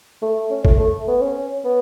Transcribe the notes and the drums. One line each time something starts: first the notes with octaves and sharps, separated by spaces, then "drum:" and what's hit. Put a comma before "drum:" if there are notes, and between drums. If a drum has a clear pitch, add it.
A3
C#4
A3, drum: kick G1
A3
B3
C#4
B3